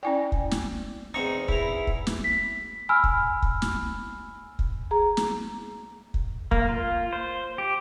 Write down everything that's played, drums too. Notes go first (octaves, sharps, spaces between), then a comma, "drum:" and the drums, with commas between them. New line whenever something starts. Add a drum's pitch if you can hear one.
C#4 E4 D5 G5 G#5
drum: kick
drum: snare
E2 C4 D#4 C#6
E2 E4 A#5, drum: kick
drum: kick
drum: snare
B6
G#5 B5 E6 F6
drum: kick
drum: kick
drum: snare
drum: kick
G#4 A#5
drum: snare
drum: kick
A#3, drum: kick
F4
C5
G4